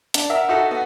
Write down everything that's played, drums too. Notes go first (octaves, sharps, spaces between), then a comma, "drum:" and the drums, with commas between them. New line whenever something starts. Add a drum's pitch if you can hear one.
D4, drum: hi-hat
A#4 E5 F#5
D#4 F#4 A4
B3